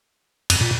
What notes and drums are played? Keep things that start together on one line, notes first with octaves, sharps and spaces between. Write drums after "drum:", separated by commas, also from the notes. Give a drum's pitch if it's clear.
F2, drum: cymbal
A#2